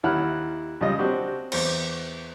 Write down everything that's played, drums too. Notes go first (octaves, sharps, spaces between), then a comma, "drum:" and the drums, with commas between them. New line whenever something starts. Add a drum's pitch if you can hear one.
D#2 E4 F#5 F6 F#6
C#2 G3 F4 D#5
C4 D4 F#4 G4
E2 C5, drum: cymbal